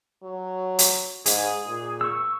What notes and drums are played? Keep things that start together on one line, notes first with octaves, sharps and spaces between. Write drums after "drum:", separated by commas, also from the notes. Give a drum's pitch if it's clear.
F#3
drum: hi-hat
G#2 G#4, drum: hi-hat
A#2
C#6 E6